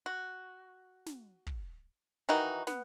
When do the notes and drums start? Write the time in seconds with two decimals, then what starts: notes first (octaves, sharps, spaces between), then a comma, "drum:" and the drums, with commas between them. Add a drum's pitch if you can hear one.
0.06 F#4
1.06 drum: snare
1.47 drum: kick
2.29 D#3 E3 D#4 F#4
2.67 B3, drum: snare